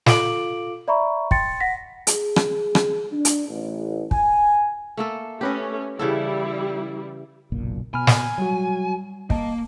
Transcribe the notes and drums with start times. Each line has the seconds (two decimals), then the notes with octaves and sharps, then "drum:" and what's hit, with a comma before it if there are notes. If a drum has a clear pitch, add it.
0.06 F4 A4 F5 D6 D7 F#7, drum: snare
0.88 D5 E5 A#5 B5 C#6
1.31 G5 C6 A6 C#7, drum: kick
1.60 F#5 A#6 B6
2.07 G#4, drum: hi-hat
2.36 drum: rim click
2.75 drum: rim click
3.11 D4
3.25 drum: hi-hat
3.48 A1
4.11 G#5, drum: kick
4.97 A3 A#3 A4
5.41 A3 C#4 G4 B4 D#5
5.99 C#3 E3 G3 E4 A4
7.52 F#1 B1 A#2
7.94 B2 G#5 B5 F6
8.07 drum: snare
8.38 F#3 G3 F#4
9.30 A#3 D#5 A5, drum: kick